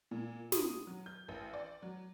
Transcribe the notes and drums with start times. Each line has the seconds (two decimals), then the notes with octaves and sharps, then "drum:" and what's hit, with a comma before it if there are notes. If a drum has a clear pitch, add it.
0.11 A#2
0.52 D#6, drum: snare
0.87 F#3
1.06 G6
1.28 A1
1.54 D5
1.82 F#3